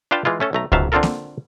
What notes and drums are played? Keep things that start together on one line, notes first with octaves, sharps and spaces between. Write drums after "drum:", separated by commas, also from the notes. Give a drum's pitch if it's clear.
D4 F4 B4 F5 G5 A5
E3 G#3 F4
A3 C#4 A4
B1 A3 A#5
C#2 G#2 F#3 E5 F5 A5, drum: kick C#2
D3 C4 D4 F4 A4 A#4
drum: snare A#3